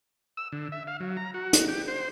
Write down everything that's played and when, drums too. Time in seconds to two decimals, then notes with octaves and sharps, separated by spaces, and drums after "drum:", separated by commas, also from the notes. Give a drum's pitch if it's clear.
0.37 E6
0.52 D3
0.72 E5
0.87 F5
1.00 F#3
1.17 A#5
1.34 F#4
1.53 drum: hi-hat
1.68 G4
1.88 C5